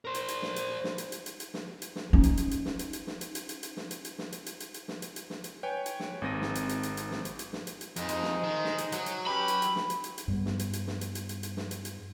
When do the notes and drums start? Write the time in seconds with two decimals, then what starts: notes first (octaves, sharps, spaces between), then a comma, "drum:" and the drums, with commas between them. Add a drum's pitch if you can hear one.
0.05 A#4 C5
0.14 drum: hi-hat
0.28 drum: hi-hat
0.42 drum: snare
0.56 drum: hi-hat
0.84 drum: snare
0.98 drum: hi-hat
1.12 drum: hi-hat
1.26 drum: hi-hat
1.40 drum: hi-hat
1.54 drum: snare
1.82 drum: hi-hat
1.96 drum: snare
2.13 C#4 D#4
2.23 drum: hi-hat
2.37 drum: hi-hat
2.51 drum: hi-hat
2.65 drum: snare
2.79 drum: hi-hat
2.93 drum: hi-hat
3.07 drum: snare
3.21 drum: hi-hat
3.35 drum: hi-hat
3.49 drum: hi-hat
3.63 drum: hi-hat
3.77 drum: snare
3.91 drum: hi-hat
4.05 drum: hi-hat
4.19 drum: snare
4.32 drum: hi-hat
4.46 drum: hi-hat
4.60 drum: hi-hat
4.74 drum: hi-hat
4.88 drum: snare
5.02 drum: hi-hat
5.16 drum: hi-hat
5.30 drum: snare
5.44 drum: hi-hat
5.63 B4 C#5 G5 G#5
5.86 drum: hi-hat
6.00 drum: snare
6.22 G#1 G#3 C4 A#6 D#7
6.41 drum: snare
6.55 drum: hi-hat
6.69 drum: hi-hat
6.83 drum: hi-hat
6.97 drum: hi-hat
7.11 drum: snare
7.25 drum: hi-hat
7.39 drum: hi-hat
7.53 drum: snare
7.67 drum: hi-hat
7.81 drum: hi-hat
7.96 F2 G#3 D#4 C5, drum: hi-hat
8.09 drum: hi-hat
8.23 drum: snare
8.44 D#3
8.64 drum: snare
8.78 drum: hi-hat
8.92 F#3, drum: hi-hat
9.06 drum: hi-hat
9.27 C#4 G4 B4 B5
9.48 drum: hi-hat
9.62 drum: hi-hat
9.76 drum: snare
9.90 drum: hi-hat
10.04 drum: hi-hat
10.18 drum: hi-hat
10.28 G2 G3 B3
10.46 drum: snare
10.59 drum: hi-hat
10.73 drum: hi-hat
10.87 drum: snare
11.01 drum: hi-hat
11.15 drum: hi-hat
11.29 drum: hi-hat
11.43 drum: hi-hat
11.57 drum: snare
11.71 drum: hi-hat
11.85 drum: hi-hat